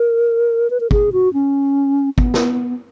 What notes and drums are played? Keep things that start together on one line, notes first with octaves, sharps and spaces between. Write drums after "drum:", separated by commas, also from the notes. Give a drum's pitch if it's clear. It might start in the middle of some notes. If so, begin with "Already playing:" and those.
Already playing: A#4
B4
A#4
G#4, drum: kick
F#4
C#4
B3, drum: kick
drum: snare